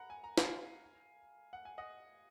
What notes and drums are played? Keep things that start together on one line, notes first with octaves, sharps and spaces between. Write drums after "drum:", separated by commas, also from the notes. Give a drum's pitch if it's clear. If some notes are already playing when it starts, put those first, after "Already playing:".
Already playing: F#5 A#5 B5
G#5
A#5
F5 G#5, drum: snare
F#5
G#5
D#5 F#5